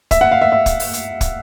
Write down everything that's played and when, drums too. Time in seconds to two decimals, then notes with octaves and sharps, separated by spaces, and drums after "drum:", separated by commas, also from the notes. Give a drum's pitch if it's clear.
0.11 E5, drum: kick, hi-hat
0.21 F#5
0.31 F5
0.42 E5
0.52 E5
0.66 drum: kick, hi-hat
0.80 drum: open hi-hat
0.93 drum: hi-hat
1.21 drum: kick, hi-hat